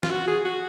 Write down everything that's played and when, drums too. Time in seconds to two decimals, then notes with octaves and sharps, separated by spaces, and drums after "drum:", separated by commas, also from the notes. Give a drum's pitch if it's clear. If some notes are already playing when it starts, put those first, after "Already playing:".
0.03 F4, drum: snare
0.10 F#4
0.27 G#4
0.45 F#4